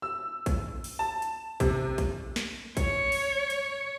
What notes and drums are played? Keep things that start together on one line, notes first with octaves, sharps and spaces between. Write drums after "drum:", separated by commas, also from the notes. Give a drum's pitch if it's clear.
E6
drum: kick, hi-hat
drum: open hi-hat
A5
drum: hi-hat
C3, drum: kick, hi-hat
drum: kick, hi-hat
drum: snare
C#5, drum: kick, hi-hat
drum: open hi-hat
drum: hi-hat